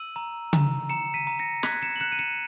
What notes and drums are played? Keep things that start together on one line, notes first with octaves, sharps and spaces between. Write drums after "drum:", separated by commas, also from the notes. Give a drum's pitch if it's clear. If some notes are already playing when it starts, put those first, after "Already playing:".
Already playing: E6 D#7 F#7
A#5
A#5, drum: tom C#3
A#5 C#7 E7
B6 D#7
A#5
A#6 C#7
F#6 G#6 B6, drum: snare
C#7 E7
F#7
F#6 C#7 E7
D#7
C#7 E7